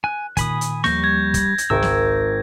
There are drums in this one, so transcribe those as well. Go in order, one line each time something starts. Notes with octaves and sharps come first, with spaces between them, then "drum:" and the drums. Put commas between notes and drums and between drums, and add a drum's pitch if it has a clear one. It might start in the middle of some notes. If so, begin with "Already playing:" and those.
G#5 F#6
A#2 D#3 G#5 B5 D#6, drum: kick, hi-hat
drum: hi-hat
D#2 F3 G3 A#3 C#6 G6 A#6, drum: snare
G#6
drum: kick, hi-hat
drum: hi-hat
G#1 C#2 A#4 E6
drum: snare